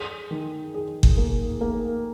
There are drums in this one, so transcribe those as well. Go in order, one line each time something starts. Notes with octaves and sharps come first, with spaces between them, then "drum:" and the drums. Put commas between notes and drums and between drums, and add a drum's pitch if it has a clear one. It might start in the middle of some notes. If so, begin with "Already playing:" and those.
Already playing: G#4
D#3
G#4
drum: kick G1
A#3
A#3